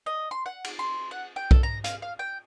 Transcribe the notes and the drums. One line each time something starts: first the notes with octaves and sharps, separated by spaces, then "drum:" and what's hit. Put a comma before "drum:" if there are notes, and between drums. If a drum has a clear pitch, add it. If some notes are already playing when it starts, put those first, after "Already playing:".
D#5
C6
F#5
drum: cymbal
C6
F#5
G5
A4, drum: kick B1
A#5
F5, drum: hi-hat
F5
G5